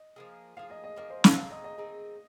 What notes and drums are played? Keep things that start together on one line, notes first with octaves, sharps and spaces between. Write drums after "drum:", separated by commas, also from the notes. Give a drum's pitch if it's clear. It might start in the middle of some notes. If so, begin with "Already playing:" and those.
Already playing: D#5
F3 A#3 G#4
F3 A#3 G#4 F5
D#5
D#5
F3 A#3 G#4 D#5
C5
F5, drum: snare
D#3 C4 D#4 G#4 F5
D#5
D#5
D#3 C4 D#4 G#4